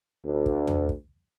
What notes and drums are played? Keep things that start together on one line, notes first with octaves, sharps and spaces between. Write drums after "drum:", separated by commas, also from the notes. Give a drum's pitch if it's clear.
D2
drum: kick
drum: tom E2
drum: kick